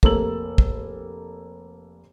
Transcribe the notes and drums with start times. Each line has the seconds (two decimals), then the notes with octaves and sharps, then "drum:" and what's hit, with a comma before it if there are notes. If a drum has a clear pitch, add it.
0.03 F1 A#3 A4 E6 F#7, drum: kick
0.58 drum: kick